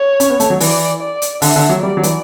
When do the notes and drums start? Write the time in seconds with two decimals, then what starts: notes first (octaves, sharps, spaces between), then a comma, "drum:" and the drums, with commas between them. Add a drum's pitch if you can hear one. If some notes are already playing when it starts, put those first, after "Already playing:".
Already playing: C#5
0.20 C#4, drum: hi-hat
0.30 B3
0.40 A3, drum: hi-hat
0.50 F#3
0.60 E3 D5, drum: open hi-hat
1.02 D5
1.22 drum: hi-hat
1.42 D3 E5, drum: open hi-hat
1.56 D3
1.69 F#3
1.83 G3 D5
1.97 F#3
2.03 E3, drum: hi-hat